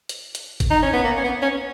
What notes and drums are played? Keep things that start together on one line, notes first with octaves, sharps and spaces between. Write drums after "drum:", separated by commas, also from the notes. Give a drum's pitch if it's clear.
drum: hi-hat
drum: hi-hat
drum: kick, hi-hat
D#4
C#4
B3
A#3
C#4
B3
C#4